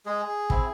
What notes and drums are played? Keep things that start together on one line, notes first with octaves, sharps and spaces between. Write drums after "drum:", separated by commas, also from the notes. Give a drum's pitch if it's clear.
G#3 G#4
C4 E4, drum: kick